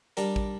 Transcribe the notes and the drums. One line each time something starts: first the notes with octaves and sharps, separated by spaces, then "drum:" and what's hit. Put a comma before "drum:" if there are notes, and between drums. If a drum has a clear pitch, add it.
G3 D4 G4 A#4, drum: hi-hat
drum: kick A1